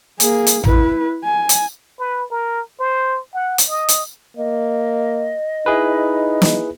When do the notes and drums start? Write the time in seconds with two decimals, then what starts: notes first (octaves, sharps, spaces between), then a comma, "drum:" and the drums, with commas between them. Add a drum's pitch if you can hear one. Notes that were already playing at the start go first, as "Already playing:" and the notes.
0.20 A#3 G#4, drum: hi-hat
0.47 drum: hi-hat
0.64 E4 B4, drum: tom A1
1.25 G#5
1.49 drum: hi-hat
1.99 B4
2.31 A#4
2.80 C5
3.34 F#5
3.58 drum: hi-hat
3.69 D#5
3.89 drum: hi-hat
4.37 A#3 D#5
5.66 D#4 E4 G#4 B4
6.42 drum: snare